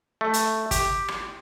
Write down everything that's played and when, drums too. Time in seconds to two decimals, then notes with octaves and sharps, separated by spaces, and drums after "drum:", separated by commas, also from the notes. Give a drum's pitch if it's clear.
0.21 A3
0.34 drum: hi-hat
0.71 G4, drum: kick, hi-hat
1.08 drum: rim click